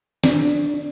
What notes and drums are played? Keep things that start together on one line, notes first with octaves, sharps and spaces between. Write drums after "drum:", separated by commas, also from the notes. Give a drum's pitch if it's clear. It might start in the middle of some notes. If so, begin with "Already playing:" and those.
D4, drum: snare